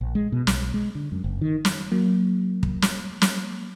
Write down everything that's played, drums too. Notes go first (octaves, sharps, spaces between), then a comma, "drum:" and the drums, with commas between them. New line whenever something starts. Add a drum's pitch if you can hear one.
A#1
G#3
B2
B1, drum: snare
G#3
D3
F#2
F#1
D#3
drum: snare
F#3 A#3
drum: kick
drum: snare
drum: snare